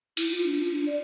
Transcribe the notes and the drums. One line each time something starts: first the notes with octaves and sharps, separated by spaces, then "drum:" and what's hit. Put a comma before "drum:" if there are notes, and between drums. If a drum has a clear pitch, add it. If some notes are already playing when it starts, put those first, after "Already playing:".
E4, drum: cymbal
F4
D4
F4
D4
D5